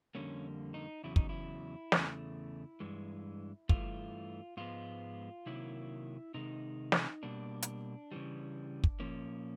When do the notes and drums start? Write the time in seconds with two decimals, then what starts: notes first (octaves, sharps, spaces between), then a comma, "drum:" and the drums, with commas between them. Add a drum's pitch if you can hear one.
0.15 F2 D3 G3 A#3 C#4
0.74 D#4
1.04 E2 C#3 F#3 E4
1.16 D#4, drum: kick
1.29 E4
1.92 E2 C#3 A3, drum: snare
2.80 G2 E3 G#3
3.69 G2 E3 A3 F4, drum: kick
4.57 G#2 F3 G#3 B3 F4
5.46 C3 D#3 F#3 A#3 E4
6.34 C3 D#3 G#3 D#4
6.92 drum: snare
7.23 B2 G3 A#3 D4
7.62 drum: hi-hat
8.12 C#3 E3 G3
8.84 drum: kick
9.00 A#2 F3 A#3 C#4